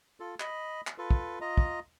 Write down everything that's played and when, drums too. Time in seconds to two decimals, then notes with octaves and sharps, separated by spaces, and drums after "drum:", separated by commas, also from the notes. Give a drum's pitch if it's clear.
0.20 F4 A4
0.40 D#5 B5, drum: clap
0.87 drum: clap
0.98 F4 A4 B4
1.11 drum: kick
1.41 F4 D#5 A#5
1.58 drum: kick